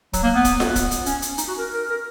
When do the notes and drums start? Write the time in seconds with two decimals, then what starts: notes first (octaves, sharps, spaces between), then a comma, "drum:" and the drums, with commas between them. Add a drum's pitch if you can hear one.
0.13 F#3, drum: kick, hi-hat
0.23 A#3
0.34 B3
0.44 drum: kick, hi-hat
0.60 drum: snare F4
0.76 drum: kick, hi-hat
0.91 drum: hi-hat
1.06 C#4, drum: hi-hat
1.22 drum: hi-hat
1.38 D#4, drum: hi-hat
1.48 F#4
1.58 A#4
1.74 A#4
1.90 A#4